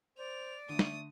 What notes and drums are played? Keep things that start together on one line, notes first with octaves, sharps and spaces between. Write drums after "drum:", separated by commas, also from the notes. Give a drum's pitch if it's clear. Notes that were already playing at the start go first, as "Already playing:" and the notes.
C5 D5 F7
D3 A3 D#6
drum: snare